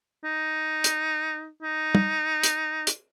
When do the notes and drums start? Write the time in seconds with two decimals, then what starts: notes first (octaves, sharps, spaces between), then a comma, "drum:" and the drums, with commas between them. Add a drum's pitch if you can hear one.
0.25 D#4
0.84 drum: hi-hat
1.62 D#4
1.95 drum: tom
2.43 drum: hi-hat
2.87 drum: hi-hat